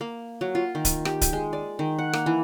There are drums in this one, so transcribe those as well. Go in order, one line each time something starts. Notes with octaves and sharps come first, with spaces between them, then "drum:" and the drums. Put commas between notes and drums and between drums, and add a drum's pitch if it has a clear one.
A#3
F#3
F4
D#3
drum: kick C#1, hi-hat
G4, drum: rim click
drum: kick C#1, hi-hat
G#3
D5
D#3
F#5
A#3, drum: rim click
E3